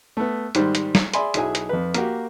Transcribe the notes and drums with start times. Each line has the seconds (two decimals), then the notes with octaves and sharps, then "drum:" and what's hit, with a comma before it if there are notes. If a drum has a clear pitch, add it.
0.17 A3 B3
0.55 G#2 D#3 G3 C5 C6, drum: hi-hat
0.75 drum: hi-hat
0.95 drum: snare
1.14 G#4 D5 E5 G#5 B5 C6, drum: hi-hat
1.34 B1 F#3 E4 G#4 E5 G#5, drum: hi-hat
1.55 drum: hi-hat
1.69 F2 B4
1.94 A#3 F#4 G4, drum: hi-hat